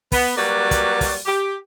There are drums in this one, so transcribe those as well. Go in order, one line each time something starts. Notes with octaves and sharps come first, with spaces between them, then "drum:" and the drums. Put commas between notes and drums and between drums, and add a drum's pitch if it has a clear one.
B3, drum: kick, open hi-hat
F#3 G3 A#3 F#4 B4 D5
drum: kick, hi-hat
drum: kick, open hi-hat
G4